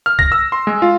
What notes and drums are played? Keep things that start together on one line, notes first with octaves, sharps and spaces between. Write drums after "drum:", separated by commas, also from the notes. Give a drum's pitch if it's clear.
F6
A#6, drum: kick
E6
C6
G#3
F4